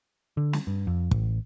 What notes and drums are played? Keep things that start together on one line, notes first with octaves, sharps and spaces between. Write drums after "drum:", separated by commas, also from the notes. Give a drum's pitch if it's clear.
D3
drum: snare
G2
F2
A1, drum: kick